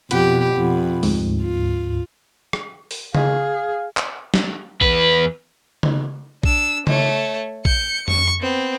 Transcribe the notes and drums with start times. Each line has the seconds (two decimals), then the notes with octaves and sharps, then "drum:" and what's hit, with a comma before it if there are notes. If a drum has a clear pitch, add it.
0.11 F2 B2 G4 F#5 B5, drum: hi-hat
0.54 F2
1.03 D2 G#2, drum: open hi-hat
1.41 F4
2.53 drum: rim click
2.91 drum: open hi-hat
3.15 G#4 F5, drum: tom C#3
3.97 drum: clap
4.34 drum: snare
4.81 E2 B4, drum: kick A#1
5.83 drum: tom C#3
6.43 D4 E6, drum: kick A#1
6.87 A3 C#5, drum: tom C#3
7.65 G6 C#7, drum: kick A#1
8.08 C#6, drum: tom F2
8.41 B3 C4